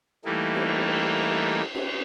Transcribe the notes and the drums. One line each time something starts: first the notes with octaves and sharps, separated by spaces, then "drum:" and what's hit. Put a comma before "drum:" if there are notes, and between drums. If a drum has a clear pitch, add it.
E3 G3 A3 A#3 D#4
drum: cymbal
drum: cymbal